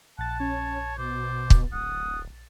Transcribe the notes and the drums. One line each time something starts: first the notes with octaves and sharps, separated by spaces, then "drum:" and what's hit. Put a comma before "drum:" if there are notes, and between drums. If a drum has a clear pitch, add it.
A#1 F#5 A5 A6
C#4 C#5
B2 C5 D6
drum: kick
D1 F#5 D#6